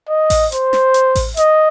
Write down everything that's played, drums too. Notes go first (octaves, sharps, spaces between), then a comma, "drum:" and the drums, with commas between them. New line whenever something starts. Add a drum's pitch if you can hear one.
D#5
drum: kick A1, open hi-hat
C5, drum: hi-hat
drum: snare
drum: hi-hat
drum: kick A1, open hi-hat
D#5, drum: hi-hat